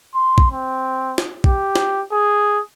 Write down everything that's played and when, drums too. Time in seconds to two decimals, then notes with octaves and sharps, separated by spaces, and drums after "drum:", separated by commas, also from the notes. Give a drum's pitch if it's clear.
0.15 C6
0.38 drum: kick A#1
0.51 C4
1.18 drum: snare
1.44 G4, drum: kick A#1
1.76 drum: snare
2.12 G#4